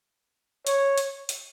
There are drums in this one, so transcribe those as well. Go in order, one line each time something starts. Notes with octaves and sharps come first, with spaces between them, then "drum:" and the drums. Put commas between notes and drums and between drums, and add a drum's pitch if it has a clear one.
C#5, drum: hi-hat
drum: hi-hat
drum: hi-hat